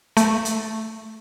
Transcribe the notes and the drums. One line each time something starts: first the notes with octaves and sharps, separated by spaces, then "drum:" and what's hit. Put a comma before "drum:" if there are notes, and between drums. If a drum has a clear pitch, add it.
A3, drum: hi-hat
drum: hi-hat